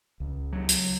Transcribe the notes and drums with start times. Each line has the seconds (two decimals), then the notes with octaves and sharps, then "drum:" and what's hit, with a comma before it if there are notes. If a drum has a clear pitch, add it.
0.20 C#2
0.53 F#3
0.69 drum: hi-hat